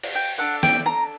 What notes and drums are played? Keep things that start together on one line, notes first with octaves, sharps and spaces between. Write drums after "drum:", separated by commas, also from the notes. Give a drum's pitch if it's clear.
drum: cymbal
G5
D4 A4 F#5
G5, drum: snare
A#5